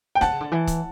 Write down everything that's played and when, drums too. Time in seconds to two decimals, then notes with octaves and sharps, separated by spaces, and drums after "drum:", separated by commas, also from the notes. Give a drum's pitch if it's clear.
0.15 G5
0.21 D3 F#5 A5, drum: snare
0.31 C#3
0.40 D3
0.52 E3
0.67 drum: kick C#1, hi-hat